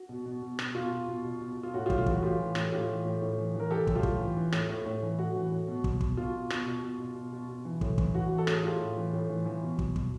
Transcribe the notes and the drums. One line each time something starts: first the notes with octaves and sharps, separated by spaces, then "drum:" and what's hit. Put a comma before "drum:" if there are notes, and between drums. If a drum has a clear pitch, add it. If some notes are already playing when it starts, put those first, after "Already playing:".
Already playing: F#4
B2
B2
B2
B2, drum: rim click
B2 F4
B2
B2
B2
B2
B2
F4
A2 F#4
F4 G4
A2, drum: kick
F4
E3 F#4, drum: kick
A2 F4 G4
E3
A2, drum: rim click
A2 F4 G4
E3
A2
A2
E3
E3
A#4
E3 G4 A4
A2, drum: kick
F4 G4
A2, drum: kick
E3
E3
A2, drum: rim click
A2
A2
E3
A2 F#4
E3
A2
B2
B2, drum: kick
B2, drum: kick
B2 F4
B2
B2, drum: rim click
B2
B2
B2
B2
B2
B2
E3
A2, drum: kick
E3, drum: kick
E3 F#4
E3
A4
A2 G#4, drum: rim click
A2 F4 G4
A2
E3
A2
E3
E3
B2
B2, drum: kick
B2, drum: kick